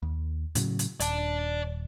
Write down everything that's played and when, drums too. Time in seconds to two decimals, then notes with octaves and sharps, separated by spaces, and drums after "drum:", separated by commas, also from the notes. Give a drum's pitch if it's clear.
0.03 D#2
0.55 A2 C#3 F#3, drum: hi-hat
0.79 drum: hi-hat
1.00 D#1 D5 A5, drum: hi-hat